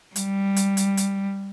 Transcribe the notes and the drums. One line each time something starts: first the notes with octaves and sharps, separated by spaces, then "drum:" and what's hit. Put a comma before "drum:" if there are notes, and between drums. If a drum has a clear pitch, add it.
G3, drum: hi-hat
drum: hi-hat
drum: hi-hat
drum: hi-hat